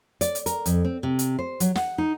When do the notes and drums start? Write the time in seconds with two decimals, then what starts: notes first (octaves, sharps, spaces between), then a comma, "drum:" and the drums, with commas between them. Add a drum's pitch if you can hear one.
0.21 D5, drum: hi-hat
0.35 drum: hi-hat
0.46 A#4, drum: hi-hat
0.66 F2, drum: hi-hat
0.85 C4
1.03 C3
1.19 drum: hi-hat
1.39 C5
1.60 F#3, drum: hi-hat
1.75 F#5, drum: snare
1.98 D#4